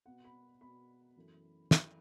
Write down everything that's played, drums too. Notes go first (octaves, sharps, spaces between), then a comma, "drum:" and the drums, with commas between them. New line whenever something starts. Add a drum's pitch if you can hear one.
B2 B3 F#5
B5
B2 B3 B5
F#2 E3 A3
F#2 E3 A3, drum: snare